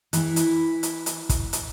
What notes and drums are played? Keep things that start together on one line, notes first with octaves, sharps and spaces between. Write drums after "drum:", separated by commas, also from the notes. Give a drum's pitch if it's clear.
E3 E4, drum: hi-hat
drum: hi-hat
drum: hi-hat
drum: hi-hat
drum: kick, hi-hat
drum: hi-hat